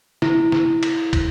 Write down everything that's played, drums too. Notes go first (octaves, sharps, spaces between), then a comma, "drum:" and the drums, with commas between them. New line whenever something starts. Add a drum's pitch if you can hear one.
E4, drum: snare
drum: snare
drum: cymbal
drum: kick, cymbal